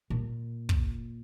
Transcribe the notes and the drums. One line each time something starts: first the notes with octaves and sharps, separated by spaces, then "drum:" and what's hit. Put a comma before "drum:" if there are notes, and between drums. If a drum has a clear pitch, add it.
A#2
drum: kick